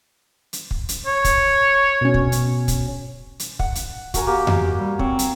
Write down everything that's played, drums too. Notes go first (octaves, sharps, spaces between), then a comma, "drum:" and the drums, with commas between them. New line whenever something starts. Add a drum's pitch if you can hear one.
drum: hi-hat
drum: kick
drum: hi-hat
C#5
drum: kick, hi-hat
B2 C#4
drum: kick
drum: hi-hat
drum: kick, hi-hat
drum: hi-hat
F#5, drum: kick
drum: hi-hat
F#4 A#4 G#5, drum: kick, hi-hat
A#3 G4
drum: tom F2
G3
C4 C#5, drum: kick
drum: hi-hat